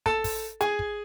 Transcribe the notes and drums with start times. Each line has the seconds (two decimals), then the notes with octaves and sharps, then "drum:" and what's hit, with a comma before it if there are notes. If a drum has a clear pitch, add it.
0.06 A4 A5, drum: kick
0.24 drum: kick, open hi-hat
0.61 G#4 G#5, drum: hi-hat
0.79 drum: kick